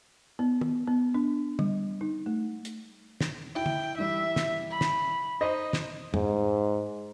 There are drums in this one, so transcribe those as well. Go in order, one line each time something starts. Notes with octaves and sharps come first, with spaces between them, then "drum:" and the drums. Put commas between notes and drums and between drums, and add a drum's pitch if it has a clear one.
B3
drum: tom
B3
D4
G3, drum: tom
D#4
A3
drum: hi-hat
drum: snare
E4 G5
drum: tom
E3 G3 E5
drum: snare
B5
drum: snare
D#4 C5 D#5
drum: snare
G#2, drum: tom